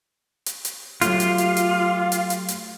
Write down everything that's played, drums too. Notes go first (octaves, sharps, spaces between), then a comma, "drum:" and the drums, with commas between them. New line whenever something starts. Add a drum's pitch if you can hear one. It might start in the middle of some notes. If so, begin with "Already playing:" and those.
drum: hi-hat
drum: hi-hat
F#3 A3 F4 G4 F5, drum: hi-hat
drum: hi-hat
drum: hi-hat
drum: hi-hat
drum: hi-hat
drum: hi-hat
drum: hi-hat